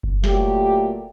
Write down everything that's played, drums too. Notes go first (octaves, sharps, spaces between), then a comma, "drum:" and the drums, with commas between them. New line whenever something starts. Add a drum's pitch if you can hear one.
drum: kick F#1
A#2 F#3 A3 G4, drum: snare